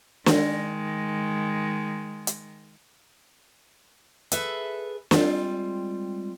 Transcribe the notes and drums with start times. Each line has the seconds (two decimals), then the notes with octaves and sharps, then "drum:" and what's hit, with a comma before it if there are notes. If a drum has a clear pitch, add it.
0.26 D#3 G#3, drum: snare
2.27 drum: hi-hat
4.32 G#4 A4 B4 E5, drum: hi-hat
5.11 G3 G#3 C4 F4, drum: snare